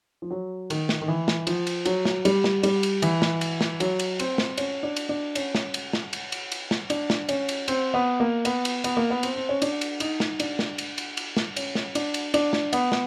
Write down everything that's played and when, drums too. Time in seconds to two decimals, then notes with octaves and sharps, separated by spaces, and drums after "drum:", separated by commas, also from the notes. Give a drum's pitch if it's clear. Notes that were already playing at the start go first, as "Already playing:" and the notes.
0.22 F3
0.31 F#3
0.70 D#3, drum: cymbal
0.89 drum: snare
1.02 D#3
1.08 E3
1.28 drum: snare
1.47 F3, drum: cymbal
1.67 drum: cymbal
1.85 F#3, drum: cymbal
2.05 drum: snare
2.25 G3, drum: cymbal
2.44 drum: snare
2.63 G3, drum: cymbal
2.83 drum: cymbal
3.02 E3, drum: cymbal
3.22 drum: snare
3.41 drum: cymbal
3.61 drum: snare
3.80 F#3, drum: cymbal
3.99 drum: cymbal
4.19 C4, drum: cymbal
4.38 drum: snare
4.57 C#4, drum: cymbal
4.83 D4
4.96 drum: cymbal
5.09 D4
5.35 C#4, drum: cymbal
5.55 drum: snare
5.74 drum: cymbal
5.93 drum: snare
6.13 drum: cymbal
6.32 drum: cymbal
6.52 drum: cymbal
6.71 drum: snare
6.90 D4, drum: cymbal
7.10 drum: snare
7.29 C#4, drum: cymbal
7.49 drum: cymbal
7.68 C4, drum: cymbal
7.94 B3
8.20 A#3
8.45 B3, drum: cymbal
8.65 drum: cymbal
8.84 B3, drum: cymbal
8.97 A#3
9.10 B3
9.23 C4, drum: cymbal
9.36 C4
9.49 C#4
9.62 D4, drum: cymbal
9.81 drum: cymbal
10.00 D#4, drum: cymbal
10.20 drum: snare
10.40 D4, drum: cymbal
10.59 drum: snare
10.78 drum: cymbal
10.98 drum: cymbal
11.17 drum: cymbal
11.37 drum: snare
11.56 C#4, drum: cymbal
11.75 drum: snare
11.95 D4, drum: cymbal
12.14 drum: cymbal
12.34 D4, drum: cymbal
12.53 drum: snare
12.73 B3, drum: cymbal
12.92 drum: snare